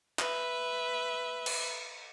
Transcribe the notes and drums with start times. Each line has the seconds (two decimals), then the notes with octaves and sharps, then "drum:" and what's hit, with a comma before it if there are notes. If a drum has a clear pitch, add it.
0.19 B4 E5, drum: clap
1.46 drum: cymbal